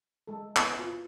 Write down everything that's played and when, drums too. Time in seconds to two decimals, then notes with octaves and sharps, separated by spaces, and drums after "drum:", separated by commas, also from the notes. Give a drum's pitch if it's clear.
0.28 G#3 A4
0.56 B3 E4, drum: clap
0.79 F4